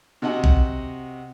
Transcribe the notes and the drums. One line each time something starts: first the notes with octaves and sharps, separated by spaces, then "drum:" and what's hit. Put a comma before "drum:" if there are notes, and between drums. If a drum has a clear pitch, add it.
C3 F#4 D#5 F#5
drum: kick